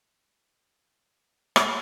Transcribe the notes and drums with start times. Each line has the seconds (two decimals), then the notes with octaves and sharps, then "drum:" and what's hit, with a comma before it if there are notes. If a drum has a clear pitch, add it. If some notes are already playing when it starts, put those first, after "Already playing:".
Already playing: B3 D#5
0.11 F#4
0.30 D#4
0.47 B3
0.65 B3
0.84 C#4
1.56 drum: rim click